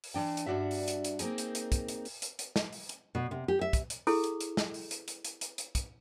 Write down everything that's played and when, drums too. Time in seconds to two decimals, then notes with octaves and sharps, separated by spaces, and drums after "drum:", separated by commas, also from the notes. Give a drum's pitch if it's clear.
0.04 drum: open hi-hat
0.14 E3 D4 G5
0.37 drum: hi-hat
0.46 G2 B2 D4 F#4 E5
0.71 drum: open hi-hat
0.88 drum: hi-hat
1.04 drum: hi-hat
1.19 A#3 C4 D#4 G#4, drum: hi-hat
1.38 drum: hi-hat
1.55 drum: hi-hat
1.72 drum: kick, hi-hat
1.88 drum: hi-hat
2.05 drum: open hi-hat
2.22 drum: hi-hat
2.39 drum: hi-hat
2.56 drum: snare
2.72 drum: open hi-hat
2.89 drum: hi-hat
3.15 B2
3.31 C3
3.48 G4
3.61 E5
3.73 drum: kick, hi-hat
3.90 drum: hi-hat
4.07 E4 G#4 A4, drum: open hi-hat
4.24 drum: hi-hat
4.41 drum: hi-hat
4.57 drum: snare
4.74 drum: open hi-hat
4.91 drum: hi-hat
5.08 drum: hi-hat
5.25 drum: hi-hat
5.41 drum: hi-hat
5.58 drum: hi-hat
5.75 drum: kick, hi-hat